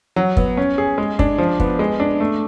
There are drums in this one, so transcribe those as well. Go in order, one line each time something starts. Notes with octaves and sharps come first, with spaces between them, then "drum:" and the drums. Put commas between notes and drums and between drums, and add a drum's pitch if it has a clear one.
F#3
B3, drum: kick
C#4
G#4
G#3
D4, drum: kick
F3
B3, drum: kick
G#3
D4
A3